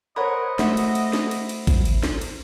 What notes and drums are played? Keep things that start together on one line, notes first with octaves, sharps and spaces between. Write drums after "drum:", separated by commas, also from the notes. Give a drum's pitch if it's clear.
A#4 C5 C#5 D#5 F#5 B5
A3 F#4 E5, drum: snare
drum: cymbal
drum: cymbal
drum: snare
drum: cymbal
drum: cymbal
drum: kick A1, cymbal
drum: cymbal
drum: snare
drum: cymbal